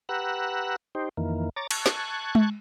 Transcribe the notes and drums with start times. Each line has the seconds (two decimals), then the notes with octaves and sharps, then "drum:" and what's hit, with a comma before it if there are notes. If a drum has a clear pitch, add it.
0.09 G4 B4 F#5 A#5 E6 F#6
0.95 D#4 G4 C5
1.17 F2 D#3 E3 A#3
1.56 C#5 A#5 D6 A6
1.71 A5 C#6 F#6 G#6, drum: cymbal
1.86 drum: snare
2.35 drum: tom G#3